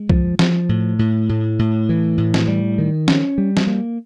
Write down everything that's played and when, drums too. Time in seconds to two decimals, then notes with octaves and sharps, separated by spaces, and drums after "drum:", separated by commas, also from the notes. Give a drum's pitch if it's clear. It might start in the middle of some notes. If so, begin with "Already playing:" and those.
Already playing: G#3
0.10 F3, drum: kick
0.39 F3, drum: snare
0.69 A2
0.99 A2
1.29 A2
1.59 A2
1.89 E3
2.18 A2
2.34 drum: snare
2.48 G3
2.78 D#3
3.08 C#4, drum: snare
3.38 G3
3.57 drum: snare
3.67 A#3